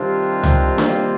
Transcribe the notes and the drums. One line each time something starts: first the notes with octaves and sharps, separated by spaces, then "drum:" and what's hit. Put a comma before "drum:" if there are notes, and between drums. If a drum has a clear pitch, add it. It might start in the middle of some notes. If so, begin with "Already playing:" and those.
Already playing: C3 D#3 G3 C4 D4 F4
drum: tom C#2
A#3, drum: snare D4